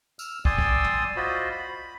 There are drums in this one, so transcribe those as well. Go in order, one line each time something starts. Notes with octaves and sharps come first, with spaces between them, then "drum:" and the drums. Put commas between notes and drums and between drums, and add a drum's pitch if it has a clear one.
E6 F6, drum: tambourine
D5 G5 G#5 C6 D#6 E6, drum: kick
drum: kick
drum: tom
F4 F#4 C5 D#5 B5
B5